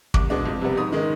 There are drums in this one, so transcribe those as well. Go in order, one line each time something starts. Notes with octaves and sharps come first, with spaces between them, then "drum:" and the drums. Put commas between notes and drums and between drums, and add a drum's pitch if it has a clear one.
C2 D6, drum: kick
B2 G#3 D4
F2
C3 G3 B3
G#2 D#6
D#3 G#3